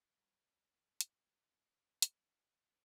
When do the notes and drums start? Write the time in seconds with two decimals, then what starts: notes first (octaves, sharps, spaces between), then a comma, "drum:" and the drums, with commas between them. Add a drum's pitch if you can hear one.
0.17 G3 C#5 D#5 G#5 A#5
1.01 drum: hi-hat
2.02 drum: hi-hat